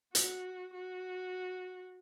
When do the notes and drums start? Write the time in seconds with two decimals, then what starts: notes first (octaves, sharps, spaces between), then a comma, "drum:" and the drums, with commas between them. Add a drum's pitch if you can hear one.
0.15 F#4, drum: hi-hat
0.74 F#4